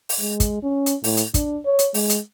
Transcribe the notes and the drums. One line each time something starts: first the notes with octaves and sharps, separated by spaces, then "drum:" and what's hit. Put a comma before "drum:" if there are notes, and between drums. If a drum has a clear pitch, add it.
drum: open hi-hat
G#3
drum: kick, hi-hat
C#4
drum: hi-hat
A2, drum: open hi-hat
drum: hi-hat
D4, drum: kick, hi-hat
C#5
drum: hi-hat
G#3, drum: open hi-hat
drum: hi-hat